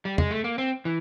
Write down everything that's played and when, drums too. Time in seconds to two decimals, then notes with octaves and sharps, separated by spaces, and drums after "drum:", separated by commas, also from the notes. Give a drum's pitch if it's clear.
0.05 G3
0.18 G#3, drum: tom E2
0.31 A3
0.44 A#3
0.58 C4
0.85 E3